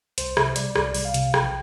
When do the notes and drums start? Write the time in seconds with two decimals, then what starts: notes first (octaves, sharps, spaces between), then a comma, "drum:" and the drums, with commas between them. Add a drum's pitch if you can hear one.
0.18 C2 C5, drum: hi-hat
0.37 C3 E5, drum: rim click
0.56 G3 D5, drum: hi-hat
0.75 C2 D5, drum: rim click
0.94 C2, drum: open hi-hat
1.05 F5
1.14 C3, drum: hi-hat
1.34 A#1 G5, drum: rim click